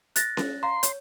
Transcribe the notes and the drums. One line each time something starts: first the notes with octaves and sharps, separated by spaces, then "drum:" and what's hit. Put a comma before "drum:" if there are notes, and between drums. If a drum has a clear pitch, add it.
F#6 A6 A#6, drum: hi-hat
drum: snare C#4
F5 A#5 C6
C#5, drum: hi-hat